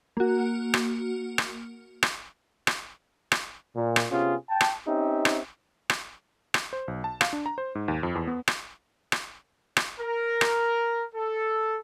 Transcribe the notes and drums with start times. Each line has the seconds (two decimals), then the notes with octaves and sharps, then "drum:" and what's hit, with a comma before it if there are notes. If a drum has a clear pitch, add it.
0.17 A#3 F#4
0.74 drum: rim click
1.38 drum: rim click
2.03 drum: rim click
2.67 drum: rim click
3.32 drum: rim click
3.76 A#2
3.96 drum: rim click
4.11 C3 B3 C#4 F4 G#4
4.50 G5 A5
4.61 drum: rim click
4.87 C4 C#4 D#4 G4 E5
5.25 drum: rim click
5.90 drum: rim click
6.54 drum: rim click
6.73 C5
6.88 B1
7.04 A5
7.21 F5, drum: rim click
7.33 D4
7.46 A#5
7.58 C5
7.75 G#2
7.88 D#2
8.03 F2
8.15 E2
8.27 B3
8.48 drum: rim click
9.12 drum: rim click
9.77 drum: rim click
9.99 A#4
10.41 drum: rim click
11.14 A4